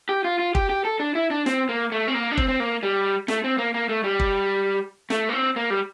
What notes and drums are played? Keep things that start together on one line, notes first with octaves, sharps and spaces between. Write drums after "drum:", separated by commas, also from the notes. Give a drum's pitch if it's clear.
G4
F4
F4
G4, drum: kick
G4
A4
D4
E4
D4
C4, drum: snare
A#3
A3
C4
A#3
D4
C4, drum: kick
C4
A#3
G3
A3, drum: snare
C4
A#3
A#3
A3
G3
drum: kick
A3, drum: snare
A#3
C4
A#3
G3